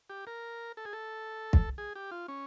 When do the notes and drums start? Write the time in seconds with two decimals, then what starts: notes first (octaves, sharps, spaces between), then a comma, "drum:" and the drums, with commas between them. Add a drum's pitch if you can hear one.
0.10 G4
0.27 A#4
0.77 A4
0.85 G#4
0.93 A4
1.53 drum: kick
1.78 G#4
1.95 G4
2.11 F4
2.28 C#4